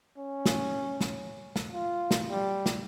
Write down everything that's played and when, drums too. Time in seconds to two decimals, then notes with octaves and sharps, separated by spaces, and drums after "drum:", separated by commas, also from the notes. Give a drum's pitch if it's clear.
0.18 C#4
0.46 drum: snare
1.01 drum: snare
1.56 drum: snare
1.72 F4
2.11 drum: snare
2.30 G3
2.66 drum: snare